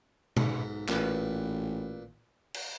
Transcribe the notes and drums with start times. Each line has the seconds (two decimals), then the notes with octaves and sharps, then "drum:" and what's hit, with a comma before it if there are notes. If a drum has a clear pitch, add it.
0.37 B1 G#2, drum: tom
0.88 A1 A#2 B4, drum: clap
2.54 drum: cymbal